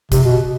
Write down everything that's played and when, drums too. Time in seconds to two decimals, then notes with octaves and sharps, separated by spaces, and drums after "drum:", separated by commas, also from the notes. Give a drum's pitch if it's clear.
0.12 C3, drum: kick, hi-hat
0.24 B2